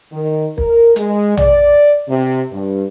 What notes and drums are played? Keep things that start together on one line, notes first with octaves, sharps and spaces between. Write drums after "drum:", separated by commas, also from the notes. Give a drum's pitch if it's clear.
D#3
A#4, drum: kick
G#3, drum: hi-hat
D5, drum: tom
C3
G2